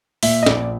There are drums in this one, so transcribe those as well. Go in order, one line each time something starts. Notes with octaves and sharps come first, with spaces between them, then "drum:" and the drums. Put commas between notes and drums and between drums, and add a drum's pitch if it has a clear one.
A#2 E5, drum: open hi-hat
D#5
A#1 D5, drum: snare